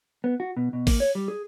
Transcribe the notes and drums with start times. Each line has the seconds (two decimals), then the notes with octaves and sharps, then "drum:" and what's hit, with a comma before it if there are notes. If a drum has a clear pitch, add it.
0.24 B3
0.40 F#4
0.57 B2
0.73 B2
0.87 A#3, drum: kick A1, open hi-hat
1.00 C#5
1.15 G3
1.28 G#4